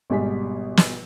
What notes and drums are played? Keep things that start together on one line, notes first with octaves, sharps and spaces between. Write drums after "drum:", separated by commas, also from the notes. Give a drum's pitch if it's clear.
G#1 B2 G3 G#4 B6
drum: snare